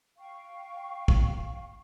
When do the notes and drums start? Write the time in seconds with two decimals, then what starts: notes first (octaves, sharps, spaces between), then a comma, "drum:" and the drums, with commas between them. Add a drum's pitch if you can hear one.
0.18 F5 G5 C#6
1.08 drum: kick